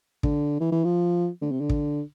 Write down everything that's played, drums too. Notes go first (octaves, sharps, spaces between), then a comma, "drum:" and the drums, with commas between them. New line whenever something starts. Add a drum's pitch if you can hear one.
D3, drum: kick
E3
E3
F3
D3
C3
D3
drum: kick